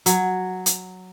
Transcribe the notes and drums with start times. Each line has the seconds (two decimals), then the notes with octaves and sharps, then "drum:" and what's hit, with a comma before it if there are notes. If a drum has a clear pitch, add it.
0.06 F#3, drum: hi-hat
0.66 drum: hi-hat